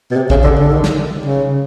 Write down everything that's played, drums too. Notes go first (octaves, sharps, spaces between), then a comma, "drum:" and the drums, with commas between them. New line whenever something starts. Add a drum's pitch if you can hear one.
B2
C3
C#3, drum: kick
D3
D3
D#3
drum: snare
C#3